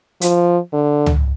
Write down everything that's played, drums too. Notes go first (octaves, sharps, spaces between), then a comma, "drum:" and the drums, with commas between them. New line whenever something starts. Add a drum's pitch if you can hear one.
F3, drum: hi-hat
D3
drum: tom C#2